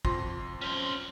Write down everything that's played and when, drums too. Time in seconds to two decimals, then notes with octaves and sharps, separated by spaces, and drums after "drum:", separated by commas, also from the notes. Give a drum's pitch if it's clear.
0.05 F2 C6 A#6, drum: kick
0.61 C#4 C5